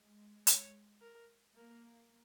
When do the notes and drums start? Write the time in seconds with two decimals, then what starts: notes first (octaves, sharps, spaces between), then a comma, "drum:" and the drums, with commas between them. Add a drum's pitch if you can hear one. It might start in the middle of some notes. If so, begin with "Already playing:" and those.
Already playing: G#3
0.47 C#5, drum: hi-hat
1.01 A#4
1.57 A#3 A#4